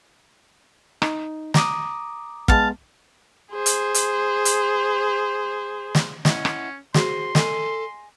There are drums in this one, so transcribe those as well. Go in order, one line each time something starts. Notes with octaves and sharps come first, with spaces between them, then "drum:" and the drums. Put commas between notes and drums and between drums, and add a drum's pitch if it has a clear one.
D#4, drum: rim click
A#5 D6 D#6, drum: snare
G#3 B3 F5 A5, drum: kick
G#4 C5
drum: hi-hat
drum: hi-hat
drum: hi-hat
drum: snare
C#4 E4 D#5 F#5, drum: snare
drum: rim click
F#4 G#4 C5 C6, drum: snare
A4 D#5 G#5, drum: snare